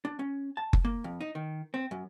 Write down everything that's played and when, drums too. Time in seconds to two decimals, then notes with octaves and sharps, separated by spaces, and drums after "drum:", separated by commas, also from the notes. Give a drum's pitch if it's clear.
0.05 D4
0.19 C#4
0.57 A5
0.73 drum: kick F#1
0.85 A#3
1.04 F2
1.21 D#4
1.35 D#3
1.74 C4
1.91 F#2